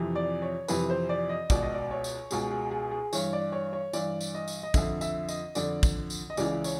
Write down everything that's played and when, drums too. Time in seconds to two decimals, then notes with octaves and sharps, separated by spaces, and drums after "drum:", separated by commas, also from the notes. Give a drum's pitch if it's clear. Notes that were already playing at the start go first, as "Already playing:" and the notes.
Already playing: F2 C3 E3
0.15 D5
0.42 C#5
0.68 F2 C3 E3 B4, drum: tambourine
0.90 C5
1.09 D5
1.29 D#5
1.50 C#2 B2 D5, drum: kick, tambourine
1.62 D#5
1.74 D5
1.91 C#5
2.04 drum: tambourine
2.31 C#2 B2 G#4, drum: tambourine
2.51 G#4
2.71 G#4
2.92 G#4
3.13 G2 E3 C#5, drum: tambourine
3.33 D5
3.52 C#5
3.73 C#5
3.93 G2 E3 D5, drum: tambourine
4.21 drum: tambourine
4.34 D#5
4.48 drum: tambourine
4.63 D#5
4.74 F2 D3 E5, drum: kick, tambourine
5.01 E5, drum: tambourine
5.29 D#5, drum: tambourine
5.55 F2 D3 D5, drum: tambourine
5.83 drum: kick, tambourine
6.10 drum: tambourine
6.30 D#5
6.37 C#2 C#3 E3 D5, drum: tambourine
6.64 C#5, drum: tambourine